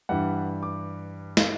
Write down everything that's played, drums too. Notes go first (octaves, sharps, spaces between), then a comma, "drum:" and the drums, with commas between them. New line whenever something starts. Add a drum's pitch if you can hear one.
G2 E3 G3 F#5
D6
drum: snare